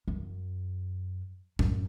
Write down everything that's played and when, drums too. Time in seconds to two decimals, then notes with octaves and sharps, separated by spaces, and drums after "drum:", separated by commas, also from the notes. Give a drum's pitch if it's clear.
0.08 F#2
1.59 F#2, drum: tom A2